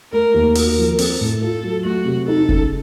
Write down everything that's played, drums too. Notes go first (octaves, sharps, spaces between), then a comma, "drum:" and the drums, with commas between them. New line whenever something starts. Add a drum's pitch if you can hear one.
A3 A#4
D#2
F#4 A#4, drum: open hi-hat
F3
C4 A4, drum: open hi-hat
A2
F4 A4
F#3
A3 F#4
C3
D#4 A4
C#3, drum: kick F1